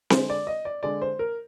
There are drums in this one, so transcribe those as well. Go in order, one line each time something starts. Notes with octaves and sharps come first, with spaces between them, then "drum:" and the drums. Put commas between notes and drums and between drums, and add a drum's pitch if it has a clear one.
D3 G#3 C5, drum: snare C4
D5
D#5
D5
D3 G#3 D5
C5
A#4